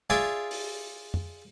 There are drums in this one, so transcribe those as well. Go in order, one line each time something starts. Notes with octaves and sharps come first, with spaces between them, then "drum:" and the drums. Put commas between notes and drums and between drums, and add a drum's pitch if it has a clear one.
F4 G#4 D5 E5 F5 G#5
drum: open hi-hat
drum: tom F2